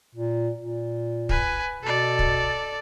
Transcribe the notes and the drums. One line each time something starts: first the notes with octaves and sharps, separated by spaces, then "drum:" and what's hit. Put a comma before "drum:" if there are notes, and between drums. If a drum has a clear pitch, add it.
A#2
A#2
B4 G#5, drum: kick
B2 A4 D5
drum: kick